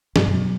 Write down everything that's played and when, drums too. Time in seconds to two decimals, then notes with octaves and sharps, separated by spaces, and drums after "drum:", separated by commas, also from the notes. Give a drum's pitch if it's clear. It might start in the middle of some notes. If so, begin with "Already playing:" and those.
0.16 G2 B2, drum: snare
0.28 F#2
0.34 F#3